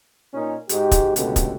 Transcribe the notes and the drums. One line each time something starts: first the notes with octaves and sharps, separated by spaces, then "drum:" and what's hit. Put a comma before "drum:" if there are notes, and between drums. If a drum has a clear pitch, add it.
A#2 C#4 D#4
G#2 G#3 F#4 G4, drum: hi-hat
drum: kick, hi-hat
C#2 B2 D3 A3 F#4 G4, drum: hi-hat
drum: kick, hi-hat